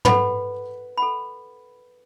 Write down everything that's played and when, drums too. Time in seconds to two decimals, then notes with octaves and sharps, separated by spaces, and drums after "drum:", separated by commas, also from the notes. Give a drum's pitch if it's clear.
0.05 A4 B4 F#5 B5, drum: tom
0.98 A4 F#5 B5